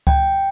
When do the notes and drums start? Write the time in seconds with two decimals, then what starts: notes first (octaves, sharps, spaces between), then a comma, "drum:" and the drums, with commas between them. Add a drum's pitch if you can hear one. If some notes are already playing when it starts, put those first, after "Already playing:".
0.07 G5, drum: kick C#2